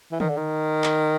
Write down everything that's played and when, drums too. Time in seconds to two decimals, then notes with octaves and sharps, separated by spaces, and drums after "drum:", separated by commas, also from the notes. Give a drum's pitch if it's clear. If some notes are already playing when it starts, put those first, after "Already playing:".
0.12 E3
0.20 D#3, drum: tom
0.29 D3
0.37 D#3
0.84 drum: clap